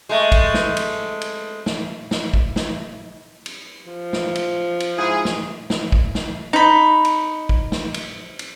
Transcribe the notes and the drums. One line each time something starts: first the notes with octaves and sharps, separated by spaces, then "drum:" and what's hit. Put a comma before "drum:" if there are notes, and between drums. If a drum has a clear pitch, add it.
G#3 A3
drum: kick A1, cymbal
drum: snare
drum: cymbal
drum: cymbal
drum: snare
drum: snare
drum: kick A1
drum: snare
drum: cymbal
F3
drum: snare
drum: cymbal
drum: cymbal
G#2 E4 G#4
drum: snare
drum: snare
drum: kick A1
drum: snare
D#4 B5
drum: cymbal
drum: kick A1
drum: snare
drum: cymbal
drum: cymbal